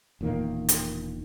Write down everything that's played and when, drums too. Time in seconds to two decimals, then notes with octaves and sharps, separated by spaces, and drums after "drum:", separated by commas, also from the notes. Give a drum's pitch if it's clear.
0.21 E1 A#2 D#3 A#3
0.69 drum: hi-hat